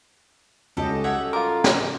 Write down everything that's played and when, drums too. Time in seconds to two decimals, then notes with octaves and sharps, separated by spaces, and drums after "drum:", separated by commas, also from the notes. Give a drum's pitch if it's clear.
0.77 C#2 G3 C#4 F#4 G4 A4 D#5
1.04 C#5 E5 F#5
1.33 F4 A#4 D6
1.64 drum: snare